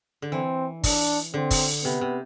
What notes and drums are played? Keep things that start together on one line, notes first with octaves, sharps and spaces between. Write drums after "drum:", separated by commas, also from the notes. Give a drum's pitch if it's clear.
D3
E3 C4
D4, drum: kick, open hi-hat
D3 C4
drum: kick, open hi-hat
C3 B3
C3